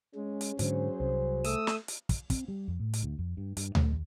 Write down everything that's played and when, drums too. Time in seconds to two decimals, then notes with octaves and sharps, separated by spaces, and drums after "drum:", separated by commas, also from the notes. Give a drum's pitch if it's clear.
0.15 G#3 C#4
0.41 drum: hi-hat
0.59 G#2 D3 F#3 G#4 C5, drum: hi-hat
1.00 C2
1.44 A3 D#6 E6, drum: hi-hat
1.67 drum: snare
1.88 drum: hi-hat
2.09 drum: kick, hi-hat
2.30 C4, drum: kick, hi-hat
2.48 G3
2.68 F2
2.80 A2
2.93 drum: hi-hat
3.03 D2
3.19 F2
3.37 G2
3.57 G2, drum: hi-hat
3.75 A3, drum: tom D2
3.92 D#2